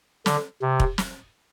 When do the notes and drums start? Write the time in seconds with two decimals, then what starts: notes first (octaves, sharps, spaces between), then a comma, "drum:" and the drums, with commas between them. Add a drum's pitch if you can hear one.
0.26 D3, drum: snare
0.62 C3
0.80 drum: kick
0.98 drum: snare